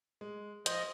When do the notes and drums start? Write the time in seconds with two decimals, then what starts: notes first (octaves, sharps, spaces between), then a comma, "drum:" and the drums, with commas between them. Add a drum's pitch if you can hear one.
0.21 G#3
0.66 F3 D#5 C6 G6, drum: hi-hat